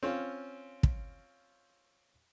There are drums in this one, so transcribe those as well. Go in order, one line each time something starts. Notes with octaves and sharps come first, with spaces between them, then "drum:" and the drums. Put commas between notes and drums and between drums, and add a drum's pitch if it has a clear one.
C4 C#4 F4
drum: kick